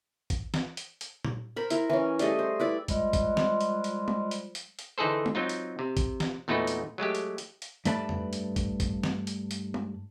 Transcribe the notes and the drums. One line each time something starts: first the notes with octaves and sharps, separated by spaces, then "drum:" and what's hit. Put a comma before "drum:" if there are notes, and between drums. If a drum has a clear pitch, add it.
drum: kick G#1, hi-hat
drum: snare
drum: hi-hat
drum: hi-hat
drum: tom A#2
A#4 C5 B5
E4 A#4 A#5, drum: hi-hat
E3 C#4
G3 A3 G#4 D#5, drum: hi-hat
C5
E4 B4 D5
F3 G3 G#3, drum: kick G#1, hi-hat
drum: kick G#1, hi-hat
drum: snare
drum: hi-hat
drum: hi-hat
drum: tom G#3
drum: hi-hat
drum: hi-hat
drum: hi-hat
D3 E3 D#4 G#4 A4 C5
drum: tom G#3
F#3 C4 D#4 F4
drum: hi-hat
C3
drum: kick G#1, hi-hat
drum: snare
E2 A#2 A3 D#4 F#4 B4
drum: hi-hat
F#3 G#3 A3 G4
drum: hi-hat
drum: hi-hat
drum: hi-hat
G2 A3 B4 D5 A5 B5, drum: hi-hat
drum: tom F2
drum: hi-hat
drum: kick G#1, hi-hat
drum: kick G#1, hi-hat
drum: snare
drum: hi-hat
drum: hi-hat
drum: tom G#3